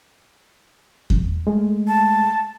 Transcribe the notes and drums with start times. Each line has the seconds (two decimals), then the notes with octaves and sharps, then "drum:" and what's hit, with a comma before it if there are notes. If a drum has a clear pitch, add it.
1.10 drum: kick E2
1.47 G#3 A3
1.87 A5